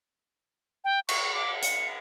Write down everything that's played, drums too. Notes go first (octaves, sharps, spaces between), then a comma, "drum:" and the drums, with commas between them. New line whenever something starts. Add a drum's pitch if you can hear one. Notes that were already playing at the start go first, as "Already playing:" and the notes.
G5
C#6, drum: cymbal
D6
C#7, drum: hi-hat